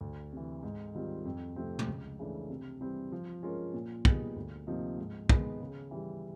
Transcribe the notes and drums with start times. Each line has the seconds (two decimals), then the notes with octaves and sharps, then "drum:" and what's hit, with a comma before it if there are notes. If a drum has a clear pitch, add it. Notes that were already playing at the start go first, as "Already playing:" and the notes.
0.01 D2
0.32 C3 E3
0.63 G#2
0.94 D#3 G3 C4 F4
1.25 F2
1.56 C3 F3 A3 C4
1.79 drum: tom
1.88 C#2
2.19 C#3 E3 A3 D4
2.50 C3
2.81 E3 G3 C4
3.12 F3
3.43 G#3 C#4 F4 A#4
3.74 A#2
4.05 G3 B3 D#4 G#4, drum: kick
4.36 D2
4.67 C3 F3 A#3 D#4
4.98 G#2
5.29 D#3 G#3 B3, drum: kick
5.61 C#3
5.91 E3 G3